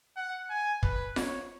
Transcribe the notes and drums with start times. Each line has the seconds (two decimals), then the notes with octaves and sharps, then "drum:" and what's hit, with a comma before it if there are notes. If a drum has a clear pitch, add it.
0.16 F#5
0.49 G#5
0.83 B4, drum: kick
1.16 C#5, drum: snare F4